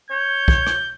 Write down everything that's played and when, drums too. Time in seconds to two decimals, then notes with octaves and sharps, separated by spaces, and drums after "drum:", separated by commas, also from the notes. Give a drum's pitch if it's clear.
0.11 C#5 G6
0.48 drum: kick
0.67 drum: rim click